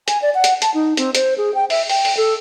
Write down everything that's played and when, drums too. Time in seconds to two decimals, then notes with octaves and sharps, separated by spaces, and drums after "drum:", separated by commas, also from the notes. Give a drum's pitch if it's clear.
0.08 G#5, drum: hi-hat
0.22 D5
0.35 F#5
0.44 drum: hi-hat
0.62 A5, drum: hi-hat
0.74 D#4
0.97 C4, drum: hi-hat
1.15 C5, drum: hi-hat
1.38 G#4
1.55 G5
1.70 E5, drum: open hi-hat
1.89 G5, drum: open hi-hat
2.05 drum: open hi-hat
2.17 A4